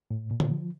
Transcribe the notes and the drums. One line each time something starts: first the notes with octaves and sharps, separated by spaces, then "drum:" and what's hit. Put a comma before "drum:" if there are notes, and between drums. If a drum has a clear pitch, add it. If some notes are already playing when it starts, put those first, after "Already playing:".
A2
A#2
drum: tom D3
F3